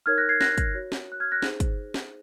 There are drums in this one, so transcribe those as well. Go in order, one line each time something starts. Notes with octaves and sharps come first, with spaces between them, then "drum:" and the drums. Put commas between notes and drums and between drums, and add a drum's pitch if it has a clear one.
D#4 A#4 C#5 F6 G#6
F#6 A#6
G#6 C7
F#6 A#6, drum: snare
drum: kick, hi-hat
F#4 C#5
drum: snare
F#6
F6 G#6
F#6 A#6
D#4 G#4 C5, drum: snare
drum: kick, hi-hat
drum: snare